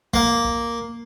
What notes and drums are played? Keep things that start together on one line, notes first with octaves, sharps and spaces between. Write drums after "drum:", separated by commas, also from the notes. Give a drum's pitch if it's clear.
A#3, drum: kick
drum: kick